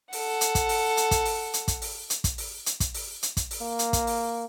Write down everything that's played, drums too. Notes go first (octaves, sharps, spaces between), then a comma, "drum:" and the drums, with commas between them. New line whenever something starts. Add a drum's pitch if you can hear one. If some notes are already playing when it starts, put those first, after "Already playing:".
A4 F#5, drum: open hi-hat
drum: hi-hat
drum: kick, hi-hat
drum: open hi-hat
drum: hi-hat
drum: kick, hi-hat
drum: open hi-hat
drum: hi-hat
drum: kick, hi-hat
drum: open hi-hat
drum: hi-hat
drum: kick, hi-hat
drum: open hi-hat
drum: hi-hat
drum: kick, hi-hat
drum: open hi-hat
drum: hi-hat
drum: kick, hi-hat
drum: open hi-hat
A#3
drum: hi-hat
drum: kick, hi-hat
drum: open hi-hat